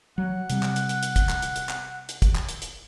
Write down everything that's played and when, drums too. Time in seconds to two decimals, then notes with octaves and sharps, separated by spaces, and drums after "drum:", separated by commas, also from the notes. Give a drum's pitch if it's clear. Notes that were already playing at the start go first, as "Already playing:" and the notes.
0.18 F#3 F#5
0.50 C3 G3, drum: hi-hat
0.63 drum: clap
0.76 drum: hi-hat
0.89 drum: hi-hat
1.03 drum: hi-hat
1.16 drum: kick, hi-hat
1.29 drum: clap
1.42 drum: hi-hat
1.56 drum: hi-hat
1.69 drum: clap
2.09 drum: hi-hat
2.22 drum: kick, hi-hat
2.35 drum: clap
2.49 drum: hi-hat
2.62 drum: hi-hat